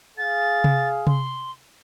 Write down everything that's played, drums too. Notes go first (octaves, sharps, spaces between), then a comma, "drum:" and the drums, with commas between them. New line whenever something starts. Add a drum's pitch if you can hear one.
G#4 F5 A6
drum: tom C3
C6, drum: tom C3